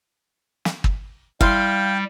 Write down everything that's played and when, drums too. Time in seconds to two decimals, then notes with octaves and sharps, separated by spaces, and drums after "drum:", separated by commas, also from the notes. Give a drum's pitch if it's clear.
0.65 drum: snare
0.84 drum: kick
1.41 G3 E4 E5 F5 G5 C6, drum: kick